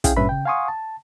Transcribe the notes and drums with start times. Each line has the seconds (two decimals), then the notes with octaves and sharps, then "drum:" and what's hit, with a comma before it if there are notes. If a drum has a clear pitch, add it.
0.04 C#4 E4 G#4 F5 G5, drum: kick, hi-hat
0.17 G2 A#2 C#4 B4 E5 B5
0.29 C#3 G5
0.45 F5 F#5 G#5 C6 C#6 D#6
0.68 A5